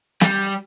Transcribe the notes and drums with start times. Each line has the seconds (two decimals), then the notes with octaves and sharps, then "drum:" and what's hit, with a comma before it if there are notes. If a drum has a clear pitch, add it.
0.21 G3, drum: snare